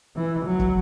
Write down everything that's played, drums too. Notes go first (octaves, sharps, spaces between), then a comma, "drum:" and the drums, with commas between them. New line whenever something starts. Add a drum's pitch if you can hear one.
E3
F#3
drum: kick